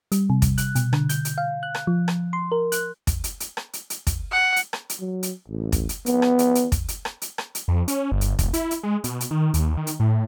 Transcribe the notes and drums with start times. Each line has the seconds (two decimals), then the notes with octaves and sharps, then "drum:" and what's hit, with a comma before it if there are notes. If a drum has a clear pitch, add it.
0.12 G3, drum: hi-hat
0.30 C3
0.42 drum: kick, hi-hat
0.58 F#6, drum: hi-hat
0.75 B2, drum: hi-hat
0.93 D3, drum: rim click
1.09 G6, drum: hi-hat
1.25 drum: hi-hat
1.38 F5
1.63 F#6
1.75 drum: rim click
1.87 F3
2.08 drum: rim click
2.33 C6
2.52 A#4
2.72 F#6, drum: hi-hat
3.07 drum: kick, hi-hat
3.24 drum: hi-hat
3.40 drum: hi-hat
3.57 drum: rim click
3.73 drum: hi-hat
3.90 drum: hi-hat
4.07 drum: kick, hi-hat
4.31 F#5
4.56 drum: hi-hat
4.73 drum: rim click
4.89 drum: hi-hat
5.00 F#3
5.23 drum: hi-hat
5.48 A1
5.72 drum: kick, hi-hat
5.89 drum: hi-hat
6.06 B3, drum: hi-hat
6.22 drum: rim click
6.39 drum: hi-hat
6.55 drum: hi-hat
6.72 drum: kick, hi-hat
6.88 drum: hi-hat
7.05 drum: rim click
7.22 drum: hi-hat
7.38 drum: rim click
7.55 drum: hi-hat
7.68 F2
7.88 C#4, drum: hi-hat
8.12 G1
8.21 drum: hi-hat
8.39 E1, drum: kick, hi-hat
8.53 E4, drum: hi-hat
8.71 drum: hi-hat
8.83 G#3
9.04 B2, drum: hi-hat
9.20 drum: hi-hat
9.31 D#3
9.54 D#2, drum: hi-hat
9.77 D#3
9.87 drum: hi-hat
10.00 A2